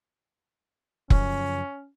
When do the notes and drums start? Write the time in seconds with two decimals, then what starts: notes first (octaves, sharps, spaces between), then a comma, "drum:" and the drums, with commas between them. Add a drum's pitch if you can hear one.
1.10 F#2 C#3 F3 C#4, drum: kick F1